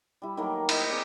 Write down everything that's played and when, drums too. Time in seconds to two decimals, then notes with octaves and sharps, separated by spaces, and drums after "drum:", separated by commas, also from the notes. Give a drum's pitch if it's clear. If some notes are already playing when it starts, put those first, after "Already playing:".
0.22 G3 E4
0.37 D#3 F#3 A3 A#3
0.69 E4 D#5, drum: cymbal
0.90 C4 G#4 A#4 D5